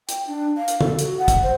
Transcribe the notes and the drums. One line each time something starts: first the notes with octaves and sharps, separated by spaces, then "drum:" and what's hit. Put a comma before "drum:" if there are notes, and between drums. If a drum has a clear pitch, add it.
G5, drum: hi-hat
D4
F5
drum: hi-hat
A4, drum: tom
F#4, drum: hi-hat
F#5
drum: kick, hi-hat
C5